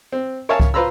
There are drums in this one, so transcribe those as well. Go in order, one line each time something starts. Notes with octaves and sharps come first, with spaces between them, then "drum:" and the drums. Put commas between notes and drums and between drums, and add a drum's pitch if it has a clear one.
C4
A#4 C#5 E5 F5 G#5 A5
drum: kick C2
F4 B4 C5 A#5 B5 E6